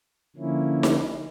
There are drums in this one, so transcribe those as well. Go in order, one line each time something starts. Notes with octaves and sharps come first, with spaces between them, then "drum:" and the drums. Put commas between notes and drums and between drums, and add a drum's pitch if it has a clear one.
D3 F3 A#3 C#4 E4
drum: snare D#4